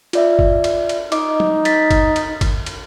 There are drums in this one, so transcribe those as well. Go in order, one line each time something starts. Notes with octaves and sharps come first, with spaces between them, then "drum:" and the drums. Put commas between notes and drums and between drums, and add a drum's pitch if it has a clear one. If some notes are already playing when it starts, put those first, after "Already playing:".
F4 D5 E5, drum: cymbal
drum: kick
drum: cymbal
drum: cymbal
D#4 D#5 D6, drum: cymbal
drum: tom
A6 B6, drum: cymbal
drum: kick, cymbal
drum: cymbal
drum: kick, cymbal
drum: cymbal